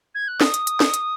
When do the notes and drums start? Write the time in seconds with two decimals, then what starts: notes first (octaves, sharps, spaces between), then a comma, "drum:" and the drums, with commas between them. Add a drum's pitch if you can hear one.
0.14 G#6
0.28 F#6
0.41 D#6, drum: snare
0.54 drum: hi-hat
0.67 drum: hi-hat
0.80 drum: snare
0.94 drum: hi-hat